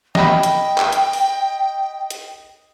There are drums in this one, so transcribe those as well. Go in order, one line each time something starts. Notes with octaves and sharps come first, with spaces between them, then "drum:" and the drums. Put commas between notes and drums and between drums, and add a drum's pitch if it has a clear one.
D#5 G5 B5, drum: snare
drum: hi-hat
drum: clap
drum: hi-hat
drum: open hi-hat
drum: hi-hat